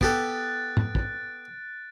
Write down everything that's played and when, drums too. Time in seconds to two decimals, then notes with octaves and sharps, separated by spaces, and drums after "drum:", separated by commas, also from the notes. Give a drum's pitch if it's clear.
0.01 B3 G4 A4 F#6 A6 D7, drum: kick
0.77 drum: tom
0.95 drum: kick